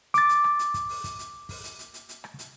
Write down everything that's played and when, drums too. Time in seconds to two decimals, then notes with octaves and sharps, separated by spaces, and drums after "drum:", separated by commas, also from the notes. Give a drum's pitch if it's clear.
0.14 D6 A6, drum: hi-hat
0.29 drum: hi-hat
0.44 drum: rim click
0.59 drum: hi-hat
0.74 drum: kick, hi-hat
0.89 drum: open hi-hat
1.04 drum: kick, hi-hat
1.19 drum: hi-hat
1.49 drum: kick, open hi-hat
1.64 drum: hi-hat
1.79 drum: hi-hat
1.94 drum: hi-hat
2.09 drum: hi-hat
2.24 drum: rim click
2.39 drum: hi-hat